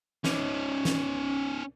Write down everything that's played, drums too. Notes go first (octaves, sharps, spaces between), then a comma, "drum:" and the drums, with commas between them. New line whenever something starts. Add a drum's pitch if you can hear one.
C#4 D#4, drum: snare
drum: snare